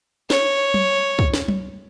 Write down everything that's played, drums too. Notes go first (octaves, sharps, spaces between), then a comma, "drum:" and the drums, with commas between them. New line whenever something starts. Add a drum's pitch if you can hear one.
C#5, drum: snare
drum: tom F#3
drum: kick
drum: snare
drum: tom F#3